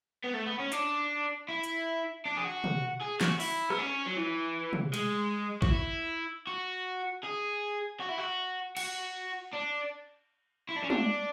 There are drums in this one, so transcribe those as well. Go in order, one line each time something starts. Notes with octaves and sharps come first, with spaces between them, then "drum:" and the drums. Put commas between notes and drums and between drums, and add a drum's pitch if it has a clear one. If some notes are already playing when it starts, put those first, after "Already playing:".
B3
A3
B3
C#4
D4, drum: hi-hat
E4
drum: hi-hat
D4
G#4
F#4
drum: tom
G#4
F#4, drum: snare
E4, drum: open hi-hat
B3, drum: rim click
C#4
F#3
E3
drum: tom
G#3, drum: cymbal
F#4, drum: kick A1
E4
F#4
G#4
F#4
E4
F#4
F#4, drum: cymbal
D4
E4
D4
C#4
D4, drum: tom